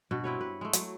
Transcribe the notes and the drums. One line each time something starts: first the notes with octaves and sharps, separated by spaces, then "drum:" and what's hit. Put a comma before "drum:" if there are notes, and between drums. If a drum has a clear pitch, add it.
G2 B2 F#4
C4 E4 B4 C#5
B4
G#3 A3
F#3, drum: hi-hat